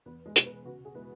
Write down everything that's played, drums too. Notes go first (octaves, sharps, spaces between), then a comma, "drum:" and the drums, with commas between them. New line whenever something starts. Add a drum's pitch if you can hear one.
E2 B3 B4
G#3 G#4
B2 G#3, drum: hi-hat
B3 B4
C#3 F#4
G#4
G#3 B3 E4 B4